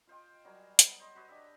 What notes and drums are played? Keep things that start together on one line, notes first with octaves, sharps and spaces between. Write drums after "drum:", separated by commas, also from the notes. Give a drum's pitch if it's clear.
F4 C5 D#5 G5
F#3 G3 A#4 G#5
B3, drum: hi-hat
C5 D#5 B5
F#4 B4 C#5 D#5
D4 G4 D#5 E5